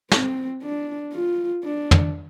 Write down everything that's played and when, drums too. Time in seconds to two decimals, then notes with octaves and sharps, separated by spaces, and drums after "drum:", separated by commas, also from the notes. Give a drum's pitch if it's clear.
0.12 C4, drum: snare
0.63 D4
1.13 F4
1.64 D4
1.91 drum: tom